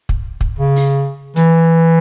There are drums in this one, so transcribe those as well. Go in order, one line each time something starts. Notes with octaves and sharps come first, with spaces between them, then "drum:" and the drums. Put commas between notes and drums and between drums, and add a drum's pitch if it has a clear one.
drum: kick
drum: kick
C#3
drum: open hi-hat
E3, drum: hi-hat